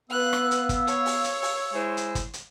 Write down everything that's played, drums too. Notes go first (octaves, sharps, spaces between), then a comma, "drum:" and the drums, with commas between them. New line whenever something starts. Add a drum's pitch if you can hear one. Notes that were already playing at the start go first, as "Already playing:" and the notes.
B3 B4 F5 E6 F#6
drum: rim click
drum: hi-hat
drum: kick, hi-hat
C#5, drum: hi-hat
drum: open hi-hat
drum: hi-hat
drum: open hi-hat
G#3 E4 C5
drum: hi-hat
drum: kick, hi-hat
drum: hi-hat